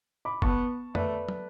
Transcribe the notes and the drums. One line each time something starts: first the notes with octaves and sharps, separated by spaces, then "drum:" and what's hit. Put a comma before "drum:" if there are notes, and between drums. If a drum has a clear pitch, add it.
B5 D6
B3 A5 C#6, drum: kick F#1
A3 B4 D5, drum: tom
drum: tom